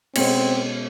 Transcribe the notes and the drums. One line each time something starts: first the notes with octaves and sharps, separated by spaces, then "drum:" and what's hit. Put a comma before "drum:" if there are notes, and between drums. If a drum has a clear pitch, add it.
B2 G#3 C4 C#4, drum: cymbal